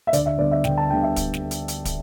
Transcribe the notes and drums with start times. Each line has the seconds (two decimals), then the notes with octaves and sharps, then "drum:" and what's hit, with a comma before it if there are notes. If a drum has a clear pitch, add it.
0.07 E5
0.13 D2 D5, drum: hi-hat
0.26 E5
0.39 D3 G3 B3 D5
0.51 E5
0.64 D2 G5, drum: snare
0.77 A5
0.90 D3 G3 B3 G5
1.03 E5
1.16 drum: kick, hi-hat
1.34 drum: snare
1.51 drum: hi-hat
1.68 drum: hi-hat
1.85 drum: kick, hi-hat